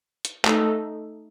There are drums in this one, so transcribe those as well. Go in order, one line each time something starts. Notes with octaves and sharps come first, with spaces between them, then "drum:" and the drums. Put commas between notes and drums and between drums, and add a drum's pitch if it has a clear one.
drum: hi-hat
A3 D#4 A4, drum: clap